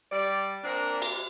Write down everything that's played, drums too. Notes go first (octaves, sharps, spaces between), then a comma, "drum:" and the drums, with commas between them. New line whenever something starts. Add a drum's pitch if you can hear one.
G3 D5
A#2 C4 D4 A#4
drum: cymbal